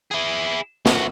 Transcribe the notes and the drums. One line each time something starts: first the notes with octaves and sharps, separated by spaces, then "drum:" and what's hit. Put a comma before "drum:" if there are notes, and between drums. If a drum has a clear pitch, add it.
E4 G#4
A3 F#4, drum: snare